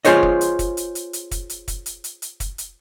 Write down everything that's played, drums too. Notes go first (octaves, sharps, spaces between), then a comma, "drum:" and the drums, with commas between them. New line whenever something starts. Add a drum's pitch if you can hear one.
F4 G#4 C5 C#5 D#5, drum: hi-hat
drum: kick
drum: hi-hat
drum: kick, hi-hat
drum: hi-hat
drum: hi-hat
drum: hi-hat
drum: kick, hi-hat
drum: hi-hat
drum: kick, hi-hat
drum: hi-hat
drum: hi-hat
drum: hi-hat
drum: kick, hi-hat
drum: hi-hat